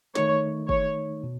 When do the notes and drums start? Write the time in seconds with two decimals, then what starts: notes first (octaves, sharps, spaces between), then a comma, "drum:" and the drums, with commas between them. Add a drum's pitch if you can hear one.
0.15 D#3 A3 D#4 C#5, drum: snare
0.69 C#5, drum: kick
1.24 B2